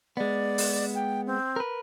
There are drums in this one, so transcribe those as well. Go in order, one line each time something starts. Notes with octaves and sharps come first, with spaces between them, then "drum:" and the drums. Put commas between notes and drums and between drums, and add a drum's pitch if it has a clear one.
G#3 B3 D5
drum: open hi-hat
G5
C4
A#4 B4